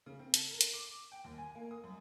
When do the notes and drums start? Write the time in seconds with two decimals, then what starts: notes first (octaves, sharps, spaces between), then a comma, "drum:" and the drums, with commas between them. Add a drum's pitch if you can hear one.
0.06 C#3
0.19 C4
0.34 A4, drum: hi-hat
0.51 A#4
0.61 drum: hi-hat
0.73 D6
1.12 G5
1.24 D#2
1.38 G#5
1.55 A#3
1.71 D#6
1.84 F#2